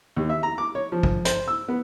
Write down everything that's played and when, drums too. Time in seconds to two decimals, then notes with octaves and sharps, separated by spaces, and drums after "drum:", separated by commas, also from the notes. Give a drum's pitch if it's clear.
0.16 D#2
0.29 E5
0.43 A#5
0.58 D6
0.75 C#5
0.92 F3
1.03 drum: kick
1.25 C5, drum: hi-hat
1.48 E6
1.68 B3